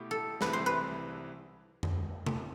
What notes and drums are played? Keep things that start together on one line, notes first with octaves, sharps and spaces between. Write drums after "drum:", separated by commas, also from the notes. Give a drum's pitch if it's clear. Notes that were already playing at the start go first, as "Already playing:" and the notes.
Already playing: B2 A3 E4 G4
A4
C2 C3 E3 A3 B4, drum: snare
C5
B4
drum: tom F2
drum: tom C3